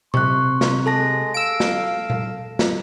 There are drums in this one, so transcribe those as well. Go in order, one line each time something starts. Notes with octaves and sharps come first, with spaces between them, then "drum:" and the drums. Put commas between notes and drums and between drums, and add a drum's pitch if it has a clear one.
C3 C6 C#6 F#6, drum: tom A#2
drum: snare
G#3 A4 A5 A#6
F5 E6 D7
drum: snare
drum: tom A#2
drum: snare